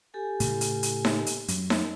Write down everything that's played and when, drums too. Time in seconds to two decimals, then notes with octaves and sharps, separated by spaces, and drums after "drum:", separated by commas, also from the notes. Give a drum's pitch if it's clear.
0.14 G4 A4 G#5
0.40 A2 C#3 E3, drum: hi-hat
0.61 drum: hi-hat
0.83 drum: hi-hat
1.05 drum: snare D#4
1.26 drum: hi-hat
1.48 F#2 F#3, drum: hi-hat
1.70 drum: snare D#4